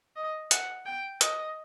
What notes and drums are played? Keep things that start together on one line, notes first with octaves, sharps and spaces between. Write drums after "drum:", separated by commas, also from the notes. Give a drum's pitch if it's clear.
D#5
F#5, drum: hi-hat
G5
D#5, drum: hi-hat